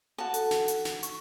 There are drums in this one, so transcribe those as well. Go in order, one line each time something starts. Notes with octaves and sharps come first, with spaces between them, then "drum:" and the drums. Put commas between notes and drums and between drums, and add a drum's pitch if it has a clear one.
F#4 A5
A4, drum: hi-hat
drum: snare
drum: hi-hat
drum: snare
C#6, drum: hi-hat